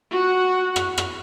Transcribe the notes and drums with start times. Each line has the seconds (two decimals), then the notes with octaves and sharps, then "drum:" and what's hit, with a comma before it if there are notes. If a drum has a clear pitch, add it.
0.11 F#4 F#5
0.76 drum: rim click
0.98 drum: rim click